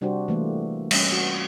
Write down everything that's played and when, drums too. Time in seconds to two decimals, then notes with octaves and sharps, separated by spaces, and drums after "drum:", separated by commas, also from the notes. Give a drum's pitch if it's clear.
0.01 C3 G3 D4 F#4 G4 C5
0.28 E3 A3 A#3
0.91 G3 C#4, drum: cymbal
1.12 F#4